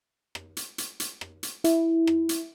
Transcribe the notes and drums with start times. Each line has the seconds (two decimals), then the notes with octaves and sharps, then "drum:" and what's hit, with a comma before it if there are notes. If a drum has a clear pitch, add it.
0.35 drum: rim click
0.57 drum: hi-hat
0.78 drum: hi-hat
1.00 drum: hi-hat
1.21 drum: rim click
1.43 drum: hi-hat
1.64 E4, drum: hi-hat
2.07 drum: rim click
2.29 drum: hi-hat